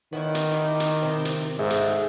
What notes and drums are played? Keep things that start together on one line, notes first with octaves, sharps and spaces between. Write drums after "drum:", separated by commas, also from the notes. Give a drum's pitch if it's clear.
D#3 B3 E4 C#5
drum: hi-hat
E4 F4 G4
drum: hi-hat
C3 E4 C5
drum: hi-hat
G#2 A3 G#4 E5
drum: hi-hat